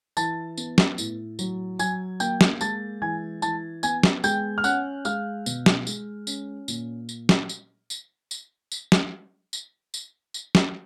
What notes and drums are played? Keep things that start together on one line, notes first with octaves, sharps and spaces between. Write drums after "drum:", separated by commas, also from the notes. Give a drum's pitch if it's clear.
E3 A5 A6, drum: tambourine
B3, drum: tambourine
drum: snare
A2, drum: tambourine
F#3, drum: tambourine
F#3 G#5 G#6, drum: tambourine
A#3 G5 G6, drum: tambourine
drum: snare
G#3 A5 A6, drum: tambourine
E3 G#5 G#6
E3 A5 A6, drum: tambourine
B3 G#5 G#6, drum: tambourine
drum: snare
G#3 G5 G6, drum: tambourine
F6
C#4 F#5 F#6, drum: tambourine
G#3 F5 F6, drum: tambourine
B2, drum: tambourine
drum: snare
G#3, drum: tambourine
C#4, drum: tambourine
A#2, drum: tambourine
drum: tambourine
drum: snare
drum: tambourine
drum: tambourine
drum: tambourine
drum: tambourine
drum: snare
drum: tambourine
drum: tambourine
drum: tambourine
drum: snare